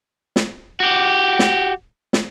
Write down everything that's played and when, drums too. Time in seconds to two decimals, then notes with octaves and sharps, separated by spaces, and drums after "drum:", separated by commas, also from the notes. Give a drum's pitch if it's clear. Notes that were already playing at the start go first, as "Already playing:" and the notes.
0.36 drum: snare
0.80 F#4 G4
1.39 drum: snare
2.13 drum: snare